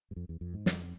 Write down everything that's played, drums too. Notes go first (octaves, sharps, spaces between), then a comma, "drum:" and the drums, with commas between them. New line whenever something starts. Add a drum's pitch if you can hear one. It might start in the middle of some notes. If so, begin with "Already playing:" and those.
G2
F2
E2
F2
G#2
F2, drum: snare